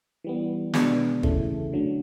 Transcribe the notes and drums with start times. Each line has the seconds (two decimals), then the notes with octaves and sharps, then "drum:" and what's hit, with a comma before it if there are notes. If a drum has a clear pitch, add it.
0.24 E3 G3 B3
0.74 B2 G#3 B3 D4, drum: snare
1.23 C#3 E3 A3, drum: kick
1.73 D3 F#3 A3